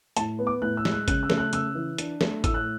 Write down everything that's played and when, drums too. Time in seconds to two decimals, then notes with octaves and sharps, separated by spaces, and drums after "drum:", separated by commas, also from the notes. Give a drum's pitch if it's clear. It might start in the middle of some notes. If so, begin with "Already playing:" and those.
0.17 A2 A5, drum: hi-hat
0.39 B3
0.47 D6
0.62 A2 F#6
0.77 E6
0.85 G#3, drum: snare
0.92 F#6
1.08 C#3 F#6, drum: kick G#1, hi-hat
1.23 E6
1.30 A3, drum: snare
1.38 F#6
1.53 C#3 E6, drum: hi-hat
1.75 E3
1.98 D4, drum: hi-hat
2.21 A3, drum: snare
2.44 A2 E6, drum: kick G#1, hi-hat
2.54 F#6